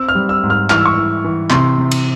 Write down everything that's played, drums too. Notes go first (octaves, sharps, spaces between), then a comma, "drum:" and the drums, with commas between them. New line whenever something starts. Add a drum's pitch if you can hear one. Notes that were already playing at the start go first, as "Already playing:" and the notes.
Already playing: C4 E6
F6
G3
E6
G#2
F6
E3 F6, drum: clap
E6
C#6
E3 E6
E3
C3 C6, drum: clap
C3
drum: cymbal